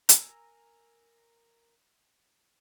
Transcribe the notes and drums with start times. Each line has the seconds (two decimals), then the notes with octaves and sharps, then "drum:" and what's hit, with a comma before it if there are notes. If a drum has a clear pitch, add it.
0.09 A#4 G#5 A#5 E6, drum: hi-hat